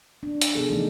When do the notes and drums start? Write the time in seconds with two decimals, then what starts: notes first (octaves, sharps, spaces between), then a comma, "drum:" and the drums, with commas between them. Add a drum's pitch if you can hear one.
0.23 D4
0.42 drum: hi-hat
0.55 C3 F3 B3 G#4 A4
0.70 E3 A3 D#4